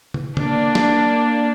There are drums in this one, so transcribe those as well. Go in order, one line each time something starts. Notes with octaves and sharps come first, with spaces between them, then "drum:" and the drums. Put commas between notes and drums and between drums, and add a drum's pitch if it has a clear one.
drum: tom
A#3 D4, drum: tom
drum: snare